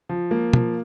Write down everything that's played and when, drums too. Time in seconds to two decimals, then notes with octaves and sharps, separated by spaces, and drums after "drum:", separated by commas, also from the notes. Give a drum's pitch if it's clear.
0.09 F3
0.31 A#3
0.53 F3, drum: tom